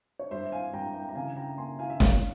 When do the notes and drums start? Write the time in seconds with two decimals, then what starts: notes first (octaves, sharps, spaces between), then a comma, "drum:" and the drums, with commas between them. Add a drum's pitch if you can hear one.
0.19 C#5
0.31 G2 C5 E5
0.52 F5 G#5
0.73 G2 G5 A#5
0.94 G5 A#5
1.09 A#5
1.15 C#3 F5 G#5
1.37 G5 A#5
1.58 A#3 G#5 C6
1.79 F5 G#5
1.90 E5
2.00 C2 C#5 F5, drum: snare